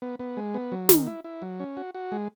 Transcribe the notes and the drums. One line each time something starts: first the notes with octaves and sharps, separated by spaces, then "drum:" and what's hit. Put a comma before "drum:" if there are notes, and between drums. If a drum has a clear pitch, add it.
B3
B3
G#3
B3
F#3
D#3, drum: snare
E4
E4
F#3
C#4
F#4
F#4
G#3